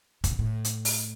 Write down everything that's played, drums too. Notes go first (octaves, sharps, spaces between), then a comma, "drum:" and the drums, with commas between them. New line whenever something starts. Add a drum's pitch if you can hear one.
A2, drum: kick, hi-hat
B2
A2
drum: hi-hat
drum: open hi-hat